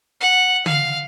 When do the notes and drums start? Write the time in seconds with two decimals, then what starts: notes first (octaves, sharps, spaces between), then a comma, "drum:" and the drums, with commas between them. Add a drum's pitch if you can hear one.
0.21 F#5
0.66 F5, drum: tom